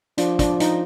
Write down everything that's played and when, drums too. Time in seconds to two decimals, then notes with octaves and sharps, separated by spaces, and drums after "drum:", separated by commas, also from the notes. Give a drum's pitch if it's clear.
0.18 F3 D4, drum: hi-hat
0.39 D4, drum: kick, hi-hat
0.60 D#4, drum: hi-hat